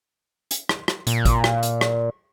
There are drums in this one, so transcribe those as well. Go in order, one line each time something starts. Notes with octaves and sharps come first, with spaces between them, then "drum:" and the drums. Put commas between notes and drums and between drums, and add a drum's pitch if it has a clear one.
drum: hi-hat
drum: rim click
drum: rim click
A#2, drum: hi-hat
drum: kick, hi-hat
drum: rim click
drum: hi-hat
drum: rim click